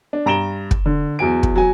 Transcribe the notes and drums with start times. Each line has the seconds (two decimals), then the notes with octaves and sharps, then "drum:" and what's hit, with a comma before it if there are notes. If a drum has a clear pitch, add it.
0.13 D4
0.26 G2 A#5 D7 E7 G7
0.71 drum: kick
0.86 D3
1.19 E2 F#3 G#5 D7
1.43 drum: kick
1.56 F#3 G#5